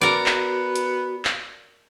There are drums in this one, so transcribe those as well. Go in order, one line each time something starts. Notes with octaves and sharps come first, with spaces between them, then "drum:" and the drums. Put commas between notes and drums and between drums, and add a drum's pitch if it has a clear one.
B3 F#4 A#4 D5
drum: clap
drum: hi-hat
drum: clap